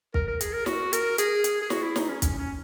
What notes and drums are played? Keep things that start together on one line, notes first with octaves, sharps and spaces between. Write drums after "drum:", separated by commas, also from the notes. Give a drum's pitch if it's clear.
A#4, drum: kick
A#4
G#4, drum: hi-hat
A#4
F#4, drum: snare
A#4, drum: hi-hat
G#4, drum: hi-hat
drum: hi-hat
G#4
F#4, drum: snare
E4
D#4, drum: snare
C#4
C#4, drum: kick, hi-hat
C#4